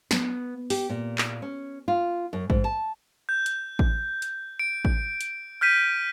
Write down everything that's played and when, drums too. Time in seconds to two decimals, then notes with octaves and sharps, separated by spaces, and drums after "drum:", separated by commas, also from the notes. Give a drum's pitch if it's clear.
0.11 B3, drum: snare
0.70 G4, drum: open hi-hat
0.89 A#2
1.18 drum: clap
1.42 C#4
1.88 F4
2.33 F#2
2.50 G#2, drum: kick A1
2.64 A5
3.29 G6
3.46 drum: hi-hat
3.79 drum: kick A1
4.22 drum: hi-hat
4.59 D7
4.85 drum: kick A1
5.21 drum: hi-hat
5.61 F6 G6 B6 D#7